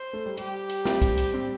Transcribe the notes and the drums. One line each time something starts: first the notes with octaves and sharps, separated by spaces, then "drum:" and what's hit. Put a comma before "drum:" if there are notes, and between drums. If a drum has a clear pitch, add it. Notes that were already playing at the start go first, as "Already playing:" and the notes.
Already playing: C5
A3
G3
G3 G4, drum: hi-hat
drum: hi-hat
G3 C4, drum: snare
drum: kick C2, hi-hat
drum: hi-hat
G3 C4